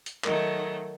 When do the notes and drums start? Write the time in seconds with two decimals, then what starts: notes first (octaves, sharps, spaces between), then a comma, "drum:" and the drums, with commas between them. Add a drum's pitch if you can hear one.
0.06 drum: hi-hat
0.24 D#3 F#3 A3 A#4 D#5, drum: clap